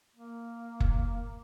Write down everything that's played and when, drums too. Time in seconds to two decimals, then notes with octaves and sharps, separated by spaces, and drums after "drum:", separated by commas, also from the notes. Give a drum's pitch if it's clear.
0.16 A#3
0.80 drum: kick F#1